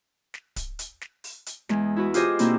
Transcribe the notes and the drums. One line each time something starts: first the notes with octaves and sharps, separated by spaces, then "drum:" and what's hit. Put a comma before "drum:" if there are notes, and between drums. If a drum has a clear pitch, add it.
drum: snare
drum: kick D1, hi-hat
drum: hi-hat
drum: snare
drum: open hi-hat
drum: hi-hat
E2 G#3, drum: snare
E4 F#4 B4
F4 G4 G#4 C5 D#5, drum: hi-hat
B2 A#3 C4 D4 E4, drum: hi-hat